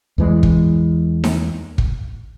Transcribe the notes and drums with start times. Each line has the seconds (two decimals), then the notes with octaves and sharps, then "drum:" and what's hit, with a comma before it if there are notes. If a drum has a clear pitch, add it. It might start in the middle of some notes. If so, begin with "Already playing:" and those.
0.18 E2 E3 G#3
0.43 drum: kick
1.24 drum: snare D#4
1.78 drum: kick